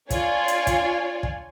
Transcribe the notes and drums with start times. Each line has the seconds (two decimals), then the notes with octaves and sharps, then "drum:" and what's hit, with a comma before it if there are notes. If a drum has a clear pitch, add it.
0.10 D4 F4 C#5 D5 G#5, drum: kick, hi-hat
0.48 drum: hi-hat
0.67 drum: kick, hi-hat
1.23 drum: kick